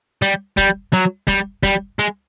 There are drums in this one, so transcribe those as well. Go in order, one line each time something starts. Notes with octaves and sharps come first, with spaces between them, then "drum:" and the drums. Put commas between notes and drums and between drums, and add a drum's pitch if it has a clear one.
G3
G3, drum: kick
F#3
G3, drum: kick
G3, drum: kick
G#3